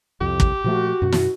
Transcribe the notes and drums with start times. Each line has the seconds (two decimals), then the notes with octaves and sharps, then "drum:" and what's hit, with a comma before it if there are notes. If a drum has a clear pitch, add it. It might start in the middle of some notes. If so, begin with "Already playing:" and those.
0.21 C2 F2 G4
0.40 drum: kick
0.64 A#2 F3 A3 F#4
1.02 F#2 B2
1.12 drum: snare